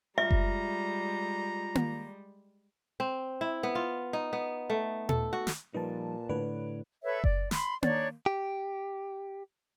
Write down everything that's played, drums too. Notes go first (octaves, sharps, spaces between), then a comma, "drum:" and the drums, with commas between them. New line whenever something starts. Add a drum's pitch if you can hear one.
G3 G#3 F4 E5 A#5
drum: kick F#1
drum: tom A#3
C4
E4
B3
F4
D#4
B3
A3
A4, drum: tom A#2
F#4
drum: snare
A#2 F3 G3 D#4 B4 A5
A2 D3 B4 C#5 D5
A4 B4 C#5 E5
D5, drum: kick F#1
B5 C6, drum: snare
D4 D#4 C#5 D5, drum: tom A#3
G4